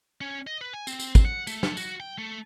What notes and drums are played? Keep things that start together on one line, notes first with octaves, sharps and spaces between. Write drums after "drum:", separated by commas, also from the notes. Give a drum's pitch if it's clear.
C#4
D#5
B4
G#5
C4, drum: tambourine
drum: tambourine
drum: kick, tambourine
F#5
A3, drum: tambourine
A3, drum: snare
F#4, drum: tambourine
G5
A3